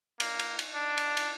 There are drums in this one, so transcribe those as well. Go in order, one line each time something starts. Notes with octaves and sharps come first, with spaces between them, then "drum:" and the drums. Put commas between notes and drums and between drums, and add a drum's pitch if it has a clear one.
A#3, drum: cymbal
drum: cymbal
drum: cymbal
D4
drum: cymbal
drum: cymbal